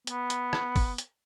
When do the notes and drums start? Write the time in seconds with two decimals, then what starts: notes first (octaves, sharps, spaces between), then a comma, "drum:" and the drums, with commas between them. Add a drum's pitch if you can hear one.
0.07 B3, drum: hi-hat
0.30 drum: hi-hat
0.53 drum: rim click
0.76 drum: kick, open hi-hat
0.98 drum: hi-hat